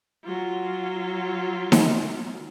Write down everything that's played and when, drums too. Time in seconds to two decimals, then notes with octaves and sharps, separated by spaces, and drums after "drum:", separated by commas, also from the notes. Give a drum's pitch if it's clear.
0.25 F#3 F4
1.72 drum: snare D#4